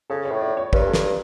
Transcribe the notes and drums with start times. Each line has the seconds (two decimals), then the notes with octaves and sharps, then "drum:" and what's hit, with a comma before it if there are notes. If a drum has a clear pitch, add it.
0.10 C#3 A4
0.25 C#5
0.31 A2
0.41 D5
0.57 C#5
0.73 G2 C#5, drum: kick
0.80 A#4
0.87 A4
0.93 G2 A#4, drum: snare